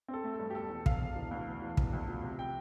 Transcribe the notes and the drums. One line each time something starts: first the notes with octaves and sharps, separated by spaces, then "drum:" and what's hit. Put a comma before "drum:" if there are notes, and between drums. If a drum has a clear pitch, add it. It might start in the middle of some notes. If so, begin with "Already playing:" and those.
C4
A4
A3
A4
G2
G4
E1 A4
E2
E1 F5, drum: kick
E1
E3
D2
E1
E3
E1, drum: kick
D2
F3
C3
G5